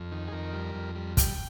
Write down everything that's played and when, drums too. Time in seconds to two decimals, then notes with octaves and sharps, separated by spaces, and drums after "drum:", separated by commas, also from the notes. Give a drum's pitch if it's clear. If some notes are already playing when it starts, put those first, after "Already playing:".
Already playing: F2
0.12 D#3
0.28 G#4
0.32 F2 A#4
0.53 G3
0.75 F2
0.95 G3
1.17 G3 G5, drum: kick, hi-hat